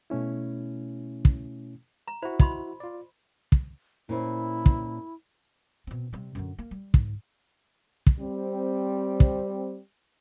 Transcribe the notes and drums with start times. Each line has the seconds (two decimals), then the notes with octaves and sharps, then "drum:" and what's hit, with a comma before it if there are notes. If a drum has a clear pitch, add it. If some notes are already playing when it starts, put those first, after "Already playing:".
0.10 B2 A3 C#4 E4
1.25 drum: kick
2.08 A#5
2.22 E4 F#4 C5
2.40 D#5 B5 C6, drum: kick
2.80 F4 D5
3.52 drum: kick
4.09 A#2 C#4 E4 C5
4.66 drum: kick
5.87 B2 C4
6.13 C3 G3
6.35 F#2 D3
6.58 A#3
6.71 G3
6.94 G#2, drum: kick
8.07 drum: kick
8.19 G3 C4
9.20 drum: kick